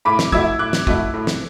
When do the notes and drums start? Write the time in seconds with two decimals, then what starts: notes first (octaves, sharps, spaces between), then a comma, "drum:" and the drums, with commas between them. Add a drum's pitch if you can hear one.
0.05 A2 B5 D6
0.19 drum: snare
0.32 F#3 A3 E4 E6 G#6, drum: kick
0.59 A2 D6 F#6
0.73 drum: snare
0.87 F#3 A3 E4, drum: kick
1.14 A2
1.27 drum: snare